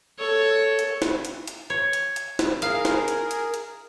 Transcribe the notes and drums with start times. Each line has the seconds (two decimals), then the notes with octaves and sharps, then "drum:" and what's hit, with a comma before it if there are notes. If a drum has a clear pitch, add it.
0.18 A4 C#5
0.79 drum: hi-hat
1.02 drum: snare
1.25 drum: hi-hat
1.48 drum: hi-hat
1.70 C#5
1.93 drum: hi-hat
2.16 drum: hi-hat
2.39 drum: snare
2.62 G#4 A#4 F5, drum: hi-hat
2.85 drum: snare
3.08 drum: hi-hat
3.31 drum: hi-hat
3.54 drum: hi-hat